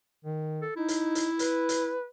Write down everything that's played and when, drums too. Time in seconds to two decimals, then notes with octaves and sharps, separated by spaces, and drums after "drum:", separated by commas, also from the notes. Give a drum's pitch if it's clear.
0.24 D#3
0.62 A4
0.76 D#4 E4
0.88 drum: hi-hat
1.15 drum: hi-hat
1.39 B4, drum: hi-hat
1.69 drum: hi-hat